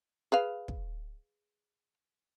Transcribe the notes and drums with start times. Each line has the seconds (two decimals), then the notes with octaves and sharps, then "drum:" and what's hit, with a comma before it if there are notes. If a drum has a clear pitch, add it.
0.32 G#4 B4 F5
0.68 drum: kick